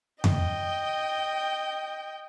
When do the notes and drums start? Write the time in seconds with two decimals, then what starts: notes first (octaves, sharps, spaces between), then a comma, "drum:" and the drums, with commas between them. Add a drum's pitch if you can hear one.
0.24 D#5 G5, drum: tom F2